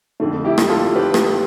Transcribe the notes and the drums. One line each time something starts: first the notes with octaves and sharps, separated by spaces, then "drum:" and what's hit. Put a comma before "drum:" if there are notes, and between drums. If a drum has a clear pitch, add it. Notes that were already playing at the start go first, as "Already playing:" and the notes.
F2 D3 A3
E4 G4
drum: rim click
F4 A4
G4 B4
drum: rim click